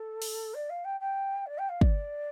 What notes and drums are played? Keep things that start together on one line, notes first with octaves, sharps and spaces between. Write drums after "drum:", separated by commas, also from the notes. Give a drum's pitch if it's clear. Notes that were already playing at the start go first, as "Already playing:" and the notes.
Already playing: A4
drum: open hi-hat
D5
F5
G5
G5
D5
G5
F5
D5, drum: kick